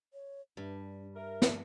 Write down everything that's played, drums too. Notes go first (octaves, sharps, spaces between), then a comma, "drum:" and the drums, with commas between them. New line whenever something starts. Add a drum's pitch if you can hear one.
C#5
G2 G3 D4
A#4 E5
drum: snare